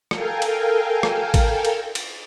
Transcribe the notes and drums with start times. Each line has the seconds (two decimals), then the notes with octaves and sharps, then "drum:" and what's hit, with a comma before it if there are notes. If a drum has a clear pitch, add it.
0.11 A4 A#4 F5 G5 G#5, drum: rim click
0.42 drum: cymbal
1.03 drum: rim click
1.34 drum: kick A1, cymbal
1.65 drum: cymbal
1.95 drum: cymbal